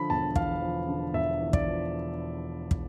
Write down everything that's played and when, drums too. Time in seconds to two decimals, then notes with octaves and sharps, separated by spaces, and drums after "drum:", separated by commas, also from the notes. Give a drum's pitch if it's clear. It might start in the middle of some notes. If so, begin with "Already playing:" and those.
Already playing: D3 F3 B5
0.10 E1 A5
0.36 E2 F5, drum: kick
0.62 F3
0.88 D3
1.14 E1 E5
1.40 E2
1.53 D5, drum: kick
1.66 F3
2.71 drum: kick